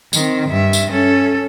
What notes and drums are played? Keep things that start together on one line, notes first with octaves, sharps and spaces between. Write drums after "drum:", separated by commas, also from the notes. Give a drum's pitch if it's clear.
D#3 C4, drum: tambourine
G2 E5
drum: tambourine
C#4 A4